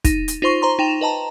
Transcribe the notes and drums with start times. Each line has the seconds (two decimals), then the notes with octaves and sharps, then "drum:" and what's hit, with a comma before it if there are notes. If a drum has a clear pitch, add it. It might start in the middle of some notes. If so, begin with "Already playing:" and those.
0.05 D#4, drum: kick, hi-hat
0.28 drum: hi-hat
0.42 D#4 F4 C5 C6 C#6
0.62 C5 A#5 C6
0.79 D#4 G5 E7 F7
1.01 B4 D#5 A5 A#5